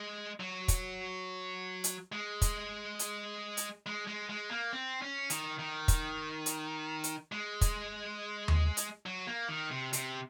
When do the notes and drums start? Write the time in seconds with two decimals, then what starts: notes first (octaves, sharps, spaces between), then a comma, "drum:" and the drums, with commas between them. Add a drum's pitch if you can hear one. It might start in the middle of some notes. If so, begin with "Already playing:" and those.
Already playing: G#3
0.40 F#3
0.68 drum: kick, hi-hat
1.84 drum: hi-hat
2.12 G#3
2.42 drum: kick, hi-hat
2.99 drum: hi-hat
3.57 drum: hi-hat
3.86 G#3
4.07 G#3
4.29 G#3
4.51 A#3
4.73 C4
5.02 C#4
5.30 D#3, drum: hi-hat
5.59 D#3
5.88 drum: kick, hi-hat
6.46 drum: hi-hat
7.04 drum: hi-hat
7.32 G#3
7.61 drum: kick, hi-hat
8.48 drum: tom D#2
8.77 drum: hi-hat
9.06 F#3
9.27 A#3
9.49 D#3
9.71 C3
9.93 C3, drum: hi-hat